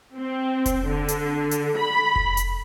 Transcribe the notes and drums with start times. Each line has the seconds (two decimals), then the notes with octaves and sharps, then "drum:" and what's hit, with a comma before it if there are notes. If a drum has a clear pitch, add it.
0.17 C4
0.66 drum: kick F1, hi-hat
0.87 D3
1.08 drum: hi-hat
1.51 drum: hi-hat
1.77 B5
2.16 drum: kick F1
2.37 drum: hi-hat